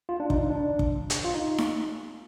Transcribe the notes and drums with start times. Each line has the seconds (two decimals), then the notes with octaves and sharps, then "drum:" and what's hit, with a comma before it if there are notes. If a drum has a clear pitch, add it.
0.09 F4
0.20 D4
0.30 D#4, drum: kick
0.50 D4
0.79 drum: kick
1.10 drum: hi-hat
1.24 F4
1.34 D#4
1.58 drum: snare D#4